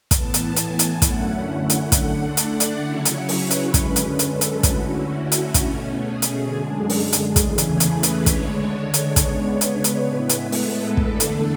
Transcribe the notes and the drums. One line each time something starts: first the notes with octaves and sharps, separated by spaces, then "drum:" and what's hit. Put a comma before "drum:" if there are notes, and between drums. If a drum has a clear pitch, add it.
A2 E3 B3 A5, drum: kick, hi-hat
drum: hi-hat
G#5, drum: hi-hat
drum: hi-hat
F#2 D3 A3 C#4 E4 F#5, drum: kick, hi-hat
drum: hi-hat
D3 A3 D4, drum: kick, hi-hat
D5, drum: hi-hat
drum: hi-hat
C#3 F#3 C#4 E4 C#5
drum: hi-hat
B4, drum: open hi-hat
drum: hi-hat
F#2 D3 G#3 C#4, drum: kick, hi-hat
drum: hi-hat
A4, drum: hi-hat
drum: hi-hat
D3 A3 C#4 E4 F#4, drum: kick, hi-hat
drum: hi-hat
B2 A3 C#4, drum: kick, hi-hat
G#4
drum: hi-hat
F#2 D3 G#3 D4
G#4, drum: open hi-hat
drum: hi-hat
E2 C#3 E3 A3 C#4, drum: kick, hi-hat
drum: hi-hat
B4, drum: hi-hat
drum: hi-hat
D3 G#3 D4 C#5, drum: kick, hi-hat
C#5
drum: hi-hat
C#3 G#3 B3 D4, drum: kick, hi-hat
B4, drum: hi-hat
drum: hi-hat
A2 G#3 B3 E4
drum: hi-hat
A4, drum: open hi-hat
E2 D3 A3 D4, drum: kick
drum: hi-hat